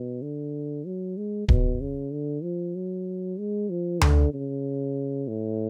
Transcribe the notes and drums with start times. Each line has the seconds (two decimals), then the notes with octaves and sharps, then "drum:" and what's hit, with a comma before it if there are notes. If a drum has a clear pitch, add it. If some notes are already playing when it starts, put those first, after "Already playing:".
Already playing: B2
0.22 D3
0.86 F#3
1.17 G#3
1.49 B2, drum: kick D1
1.81 C#3
2.12 D3
2.43 F3
2.75 F#3
3.39 G#3
3.70 F3
4.01 D3, drum: tom D2
4.34 C#3
5.28 A2